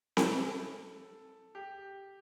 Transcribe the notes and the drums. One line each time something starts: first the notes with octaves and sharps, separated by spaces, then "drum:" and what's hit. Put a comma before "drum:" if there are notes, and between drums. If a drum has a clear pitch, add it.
A4, drum: snare C4
G4